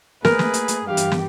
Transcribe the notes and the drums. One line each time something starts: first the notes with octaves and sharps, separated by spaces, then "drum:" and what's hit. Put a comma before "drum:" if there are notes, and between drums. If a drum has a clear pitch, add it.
A3 A#3 G#4 A#4 B4, drum: snare
drum: snare
drum: hi-hat
drum: hi-hat
G2 E3 G4 F5
drum: hi-hat
drum: snare